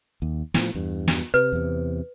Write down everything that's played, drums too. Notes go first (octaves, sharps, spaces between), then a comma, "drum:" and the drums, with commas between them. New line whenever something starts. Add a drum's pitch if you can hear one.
D#2
A2 E3 F3, drum: snare
E2 G2
drum: snare
C3 B4
E2 C3